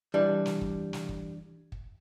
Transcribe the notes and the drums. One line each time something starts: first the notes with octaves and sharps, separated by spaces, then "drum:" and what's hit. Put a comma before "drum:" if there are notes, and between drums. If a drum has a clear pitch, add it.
E3 G3 D4
drum: snare
drum: kick
drum: snare
drum: kick
drum: kick